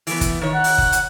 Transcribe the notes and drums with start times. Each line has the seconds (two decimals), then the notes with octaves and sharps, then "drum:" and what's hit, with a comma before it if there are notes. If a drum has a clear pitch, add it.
0.07 E3 A3 B3, drum: open hi-hat
0.21 drum: kick F#1, hi-hat
0.41 D#3 C#5
0.54 F#5
0.64 drum: open hi-hat
0.78 drum: kick F#1
0.92 drum: hi-hat